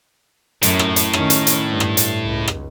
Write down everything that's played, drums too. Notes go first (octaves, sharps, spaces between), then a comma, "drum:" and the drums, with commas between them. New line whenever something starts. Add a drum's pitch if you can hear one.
F#2 A2, drum: hi-hat
drum: rim click
drum: hi-hat
D#3 C#4, drum: rim click
drum: hi-hat
drum: hi-hat
G2
drum: rim click
drum: hi-hat
C#2
drum: rim click